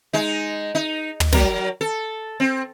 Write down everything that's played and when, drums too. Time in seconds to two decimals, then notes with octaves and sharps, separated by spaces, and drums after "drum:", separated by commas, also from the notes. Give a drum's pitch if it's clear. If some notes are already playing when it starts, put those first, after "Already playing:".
0.13 G#3 D#4
0.75 D#4
1.20 drum: tom
1.33 F#3 A#4, drum: snare
1.81 A4
2.40 C4